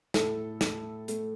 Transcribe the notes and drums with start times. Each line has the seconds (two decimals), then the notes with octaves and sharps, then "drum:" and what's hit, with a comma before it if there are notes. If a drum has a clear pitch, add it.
0.14 A2 A4, drum: snare
0.61 A3, drum: snare
1.08 A3, drum: hi-hat